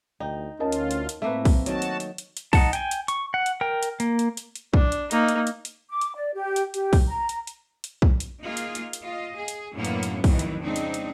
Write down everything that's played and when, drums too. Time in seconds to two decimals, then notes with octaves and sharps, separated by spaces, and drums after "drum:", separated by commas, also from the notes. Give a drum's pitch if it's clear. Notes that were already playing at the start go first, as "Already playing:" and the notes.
0.20 D2 D#4 G5
0.60 D2 C#4 F4 A#4 D#5 A5
0.72 drum: hi-hat
0.91 drum: hi-hat
1.09 drum: hi-hat
1.22 A2 A3 A#3 C4 B4 E5
1.45 drum: kick, open hi-hat
1.66 D#3 F#3 F#4 A5, drum: hi-hat
1.82 drum: hi-hat
2.00 drum: hi-hat
2.18 drum: hi-hat
2.37 drum: hi-hat
2.53 D#4 F#5 A5, drum: kick, open hi-hat
2.73 G5 G#5, drum: hi-hat
2.91 drum: hi-hat
3.08 C#6, drum: hi-hat
3.34 F#5
3.46 drum: hi-hat
3.61 A#4 G5
3.83 drum: hi-hat
4.00 A#3, drum: hi-hat
4.19 drum: hi-hat
4.37 drum: hi-hat
4.56 drum: hi-hat
4.74 D4, drum: kick
4.92 drum: hi-hat
5.11 A#3 D#4, drum: hi-hat
5.28 drum: hi-hat
5.47 drum: hi-hat
5.65 drum: hi-hat
5.90 D6
6.01 drum: hi-hat
6.16 D5
6.35 G4
6.56 drum: hi-hat
6.74 G4, drum: hi-hat
6.93 drum: kick, open hi-hat
7.07 A#5
7.29 drum: hi-hat
7.47 drum: hi-hat
7.84 drum: hi-hat
8.02 drum: kick
8.20 drum: hi-hat
8.42 A#3 D#4 F4 G#4
8.57 drum: hi-hat
8.75 drum: hi-hat
8.93 drum: hi-hat
9.03 F4 D#5 F5
9.36 G#4
9.48 drum: hi-hat
9.74 F#2 A2 D3 E3 A#3 B3
9.85 drum: hi-hat
10.03 drum: hi-hat
10.24 F2 D#3 E3 F#3, drum: kick, open hi-hat
10.39 drum: hi-hat
10.64 C#3 G#3 C4 D4 D#4
10.76 drum: hi-hat
10.94 drum: hi-hat